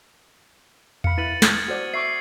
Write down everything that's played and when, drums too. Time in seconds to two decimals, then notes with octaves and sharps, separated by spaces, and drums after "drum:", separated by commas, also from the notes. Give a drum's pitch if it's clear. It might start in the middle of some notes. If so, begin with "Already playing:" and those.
1.04 F5 B5 C#7, drum: tom E2
1.18 E4 B4 B5 A6 D#7 F#7
1.42 D#6 F6 G#6, drum: snare
1.68 F#4 C5 D5
1.94 E5 C#6 D6 C7